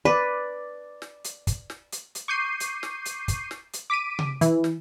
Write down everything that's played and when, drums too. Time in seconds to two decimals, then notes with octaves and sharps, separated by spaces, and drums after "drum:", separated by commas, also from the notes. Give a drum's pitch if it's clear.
0.05 B4 D5
1.02 drum: snare
1.24 drum: hi-hat
1.47 drum: kick, hi-hat
1.70 drum: snare
1.92 drum: hi-hat
2.15 drum: hi-hat
2.28 C#6 D6 G6 C7 D#7
2.60 drum: hi-hat
2.83 drum: snare
3.05 drum: hi-hat
3.28 drum: kick, hi-hat
3.51 drum: snare
3.73 drum: hi-hat
3.90 D6 B6 D7 D#7
4.19 drum: tom C3
4.41 E3, drum: hi-hat
4.64 drum: snare